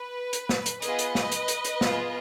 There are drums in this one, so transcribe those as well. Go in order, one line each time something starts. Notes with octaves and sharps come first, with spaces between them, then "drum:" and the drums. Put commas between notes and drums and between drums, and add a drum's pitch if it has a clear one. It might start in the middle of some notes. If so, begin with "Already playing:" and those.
Already playing: B4
drum: hi-hat
drum: snare
drum: hi-hat
B3 F4 G#4 B4 D#5, drum: hi-hat
drum: hi-hat
drum: snare
drum: hi-hat
drum: hi-hat
drum: hi-hat
B3 F4 G#4, drum: snare